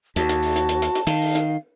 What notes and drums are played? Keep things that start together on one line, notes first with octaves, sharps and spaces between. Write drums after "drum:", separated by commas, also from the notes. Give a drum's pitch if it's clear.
D#2 F#4 A5, drum: hi-hat
drum: hi-hat
drum: open hi-hat
drum: hi-hat
drum: hi-hat
drum: hi-hat
drum: hi-hat
D#3 F5, drum: hi-hat
drum: open hi-hat
drum: hi-hat